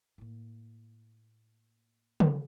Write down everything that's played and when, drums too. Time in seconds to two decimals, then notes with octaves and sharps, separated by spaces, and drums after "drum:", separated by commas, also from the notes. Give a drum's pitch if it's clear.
0.18 A2 A#3
2.20 drum: tom C#3